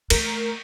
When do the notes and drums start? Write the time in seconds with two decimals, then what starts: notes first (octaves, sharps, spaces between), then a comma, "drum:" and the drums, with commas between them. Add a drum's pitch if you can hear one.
0.10 A3 A#4, drum: cymbal